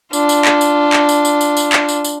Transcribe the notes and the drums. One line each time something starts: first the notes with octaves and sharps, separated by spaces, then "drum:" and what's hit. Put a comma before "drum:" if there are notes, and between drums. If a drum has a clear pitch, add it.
D4 F4, drum: tambourine
drum: tambourine
drum: clap
drum: tambourine
drum: clap
drum: tambourine
drum: tambourine
drum: tambourine
drum: tambourine
drum: clap
drum: tambourine
drum: tambourine